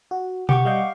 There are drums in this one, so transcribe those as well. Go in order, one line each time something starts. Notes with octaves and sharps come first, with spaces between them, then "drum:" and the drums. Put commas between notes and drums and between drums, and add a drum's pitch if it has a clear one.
F#4
G4 F#5 C#6 D6, drum: tom B2
G3 D#5 F5 G6